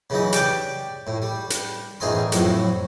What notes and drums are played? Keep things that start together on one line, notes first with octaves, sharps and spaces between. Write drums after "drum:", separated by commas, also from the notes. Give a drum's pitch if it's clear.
C#3 E3 F#3 D#4
G4 D5 G5, drum: hi-hat
A2
G3
drum: hi-hat
A1 E2 D#3 G#4 G#5 C6
F2 A2 F#3, drum: hi-hat